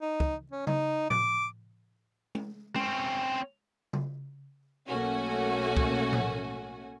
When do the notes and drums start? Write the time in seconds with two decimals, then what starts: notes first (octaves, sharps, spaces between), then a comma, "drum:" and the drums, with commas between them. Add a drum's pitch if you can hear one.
0.01 D#4
0.20 drum: kick
0.51 C#4
0.67 D#4, drum: tom C#3
1.10 D6, drum: tom A2
2.35 drum: tom G#3
2.76 C4 C#4, drum: tom G#3
3.93 drum: tom C#3
4.87 B1 A3 A#3 C#4 F#4 G#5
5.77 drum: kick
6.12 drum: tom A2